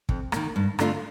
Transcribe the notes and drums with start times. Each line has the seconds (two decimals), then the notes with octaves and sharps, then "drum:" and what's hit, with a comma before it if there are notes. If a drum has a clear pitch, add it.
0.09 F2, drum: kick
0.32 D#3 A#3, drum: rim click
0.56 G2
0.79 D3 A3 D4 F4, drum: rim click